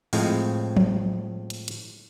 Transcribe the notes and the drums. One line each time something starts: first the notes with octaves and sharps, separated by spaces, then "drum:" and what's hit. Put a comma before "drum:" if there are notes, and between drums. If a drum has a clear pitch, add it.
A2 F3 G#3 C4, drum: open hi-hat
drum: tom F3
drum: hi-hat
drum: hi-hat